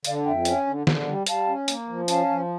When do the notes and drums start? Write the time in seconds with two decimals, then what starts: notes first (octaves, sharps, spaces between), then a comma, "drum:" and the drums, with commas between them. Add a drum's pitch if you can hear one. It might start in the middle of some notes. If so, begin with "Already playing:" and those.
0.04 D3 D5 F5, drum: hi-hat
0.25 F2 E5 G5
0.45 C#4, drum: hi-hat
0.67 D3
0.87 D3, drum: snare
1.06 G3
1.27 G3 F5 A5, drum: hi-hat
1.47 C#4
1.68 A#3, drum: hi-hat
1.89 F3
2.08 C#4 F5 A5, drum: hi-hat
2.29 F3